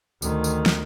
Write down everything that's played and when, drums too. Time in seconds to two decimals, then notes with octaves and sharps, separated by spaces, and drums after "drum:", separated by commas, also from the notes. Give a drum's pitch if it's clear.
0.22 D2 D#3, drum: tambourine
0.44 drum: tambourine
0.66 drum: snare